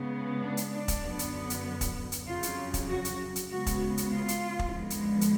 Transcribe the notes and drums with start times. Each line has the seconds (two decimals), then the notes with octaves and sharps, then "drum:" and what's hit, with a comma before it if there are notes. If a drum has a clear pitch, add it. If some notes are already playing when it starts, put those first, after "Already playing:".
Already playing: C#3 G#3 B3
0.42 D4
0.57 drum: hi-hat
0.72 D4
0.88 drum: kick, hi-hat
1.03 F#2 D3 F#3 B3
1.19 drum: hi-hat
1.50 drum: hi-hat
1.81 drum: kick, hi-hat
2.12 drum: hi-hat
2.27 F2 C#3 F#3 F4
2.43 drum: hi-hat
2.74 drum: kick, hi-hat
2.89 F#4
3.05 drum: hi-hat
3.36 drum: hi-hat
3.51 C#3 G#3 B3 F#4
3.67 drum: kick, hi-hat
3.97 drum: hi-hat
4.13 F4
4.28 drum: hi-hat
4.59 drum: kick
4.75 F#2 D3 F3 G#3 B3
4.90 drum: hi-hat
5.21 drum: hi-hat